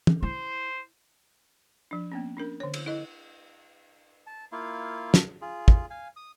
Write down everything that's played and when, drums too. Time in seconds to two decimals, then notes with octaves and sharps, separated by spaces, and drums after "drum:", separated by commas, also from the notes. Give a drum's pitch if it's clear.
0.07 drum: tom
0.23 E4 C5
1.91 F3 D4
2.12 A#3 B3 C#4
2.37 C#4 D4 A#4
2.60 D3 C#5
2.74 drum: cymbal
2.86 E4 A4 D#5
4.27 A5
4.52 A#3 E4 F4 F5
5.14 drum: snare
5.42 F4 G#4
5.68 drum: kick
5.90 F5 G#5
6.16 D#6